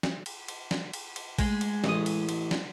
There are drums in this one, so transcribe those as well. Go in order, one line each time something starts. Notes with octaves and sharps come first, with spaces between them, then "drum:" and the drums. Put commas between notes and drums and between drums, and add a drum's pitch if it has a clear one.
drum: snare
drum: cymbal
drum: cymbal
drum: snare
drum: cymbal
drum: cymbal
G#3, drum: kick A1, cymbal
drum: cymbal
A1 D#6, drum: snare
drum: cymbal
drum: cymbal
drum: snare